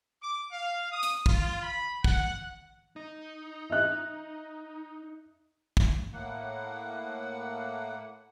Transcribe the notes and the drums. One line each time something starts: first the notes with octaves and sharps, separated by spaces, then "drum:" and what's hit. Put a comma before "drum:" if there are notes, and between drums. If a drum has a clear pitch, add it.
D6
F5
D#6
drum: hi-hat
F4, drum: kick
B5
F#5, drum: kick
D#4
D#5 E5 F#6
drum: kick
A2 A#3 F#5